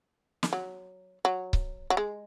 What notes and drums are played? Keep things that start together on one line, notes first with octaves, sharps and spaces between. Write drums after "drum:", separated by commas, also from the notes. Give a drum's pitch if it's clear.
drum: snare
F#3
F#3
drum: kick C#1
F#3
G#3